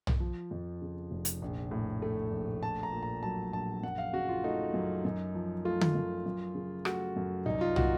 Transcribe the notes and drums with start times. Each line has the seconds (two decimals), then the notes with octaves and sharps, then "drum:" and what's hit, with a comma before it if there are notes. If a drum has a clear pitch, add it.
0.07 drum: tom
0.20 F3
0.51 F2
0.82 C#3
1.11 F1
1.25 drum: hi-hat
1.42 A#1
1.71 A2
2.02 A3
2.32 A#1
2.63 A3 A5
2.83 A#5
2.92 A#2
3.03 A#5
3.23 F#3 A5
3.53 A#1 A5
3.83 F#2 F#5
3.98 F5
4.13 C#3 F#4
4.29 F4
4.44 A3 D#4
4.74 F#2
5.05 F#2
5.35 F3
5.65 A3 F4
5.81 drum: tom D3
5.95 F#2
6.26 F#2
6.55 C#3
6.85 A3 F#4, drum: rim click
7.16 F#2
7.46 C2 D#4
7.61 F4
7.76 A#2 F#4, drum: tom